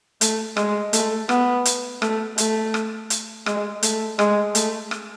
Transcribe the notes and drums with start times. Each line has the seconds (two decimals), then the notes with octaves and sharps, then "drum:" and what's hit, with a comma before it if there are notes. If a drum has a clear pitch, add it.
0.21 A3, drum: hi-hat
0.57 G#3, drum: rim click
0.93 A3, drum: hi-hat
1.29 B3, drum: rim click
1.65 drum: hi-hat
2.02 A3, drum: rim click
2.38 A3, drum: hi-hat
2.74 drum: rim click
3.10 drum: hi-hat
3.46 G#3, drum: rim click
3.83 A3, drum: hi-hat
4.19 G#3, drum: rim click
4.55 A3, drum: hi-hat
4.91 drum: rim click